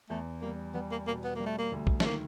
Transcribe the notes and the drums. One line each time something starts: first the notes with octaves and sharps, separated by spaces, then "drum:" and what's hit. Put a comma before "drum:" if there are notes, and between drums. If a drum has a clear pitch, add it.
E2 A3
G3 A#3
G3 B3
A#3
B2 A#3
B3
G3 A#3
A3
A#3
D2
drum: kick
A3, drum: snare
D#3 A#3